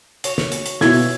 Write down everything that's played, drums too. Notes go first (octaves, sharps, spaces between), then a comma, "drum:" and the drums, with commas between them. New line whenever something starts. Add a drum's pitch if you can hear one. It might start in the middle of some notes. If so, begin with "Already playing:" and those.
F#4 C#5, drum: hi-hat
drum: snare
drum: hi-hat
drum: hi-hat
B2 E4 G#6, drum: snare
drum: open hi-hat